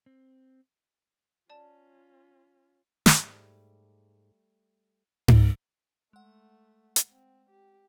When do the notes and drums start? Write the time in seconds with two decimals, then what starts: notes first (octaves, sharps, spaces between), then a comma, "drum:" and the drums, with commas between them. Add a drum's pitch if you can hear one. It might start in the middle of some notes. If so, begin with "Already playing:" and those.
0.06 C4
1.50 C#4 F4 D5 A5
3.06 G#2 G3 A3, drum: snare
5.28 drum: tom G#2
6.13 G#3 A3 F#5
6.96 drum: hi-hat
7.11 C4
7.50 G4